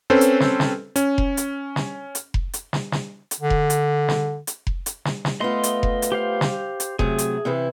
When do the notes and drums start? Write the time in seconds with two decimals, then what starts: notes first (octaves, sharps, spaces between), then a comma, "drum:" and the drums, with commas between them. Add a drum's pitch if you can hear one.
0.10 C4 C#4 A4 B4 C5
0.21 drum: hi-hat
0.40 drum: snare
0.60 drum: snare
0.96 C#4, drum: hi-hat
1.18 drum: kick F1
1.37 drum: hi-hat
1.76 drum: snare
2.15 drum: hi-hat
2.34 drum: kick F1
2.53 drum: hi-hat
2.73 drum: snare
2.92 drum: snare
3.31 drum: hi-hat
3.40 D3
3.50 drum: kick F1
3.70 drum: hi-hat
4.08 drum: snare
4.47 drum: hi-hat
4.67 drum: kick F1
4.86 drum: hi-hat
5.05 drum: snare
5.25 drum: snare
5.40 A3 B3 F4 D#5 C6
5.63 drum: hi-hat
5.83 drum: kick F1
6.02 drum: hi-hat
6.12 G4 C5 F5
6.41 drum: snare
6.80 drum: hi-hat
6.99 C3 F#3 A3 G#4, drum: kick F1
7.18 drum: hi-hat
7.45 C3 E3 E4